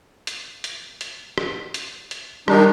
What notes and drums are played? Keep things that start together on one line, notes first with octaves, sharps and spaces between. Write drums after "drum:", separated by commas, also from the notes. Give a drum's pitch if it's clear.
drum: hi-hat
drum: hi-hat
drum: hi-hat
drum: rim click
drum: hi-hat
drum: hi-hat
D#3 G3 D4 D#4, drum: rim click